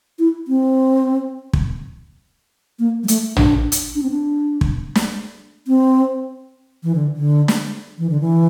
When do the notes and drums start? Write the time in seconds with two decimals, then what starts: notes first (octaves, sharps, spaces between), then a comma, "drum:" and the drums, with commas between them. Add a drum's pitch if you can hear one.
0.19 E4
0.48 C4
1.53 drum: kick
2.79 A#3
3.04 G3
3.08 A3, drum: hi-hat
3.37 D4, drum: tom
3.72 drum: hi-hat
3.95 D4
4.03 C4
4.11 D4
4.61 drum: kick
4.95 drum: snare
5.67 C4
6.83 E3
6.95 D3
7.17 D3
7.48 drum: snare
7.98 E3
8.10 D3
8.21 E3